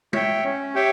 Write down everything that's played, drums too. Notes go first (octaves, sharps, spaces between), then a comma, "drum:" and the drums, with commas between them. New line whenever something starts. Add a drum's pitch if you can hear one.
C#5 E5 G5, drum: tom
C#4
G4 C#5 E5 G5